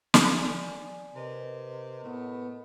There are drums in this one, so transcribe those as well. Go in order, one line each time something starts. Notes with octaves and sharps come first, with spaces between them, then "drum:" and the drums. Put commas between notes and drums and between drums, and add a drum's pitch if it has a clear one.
D5 G#5, drum: snare
C3 A#4 B4 D#5
A2 B3